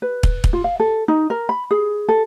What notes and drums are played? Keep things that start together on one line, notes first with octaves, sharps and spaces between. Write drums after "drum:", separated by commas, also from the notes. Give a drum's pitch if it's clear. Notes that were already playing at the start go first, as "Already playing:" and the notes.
B4
drum: kick
drum: kick
F4
F5
A4
D#4
A#4
B5
G#4
A4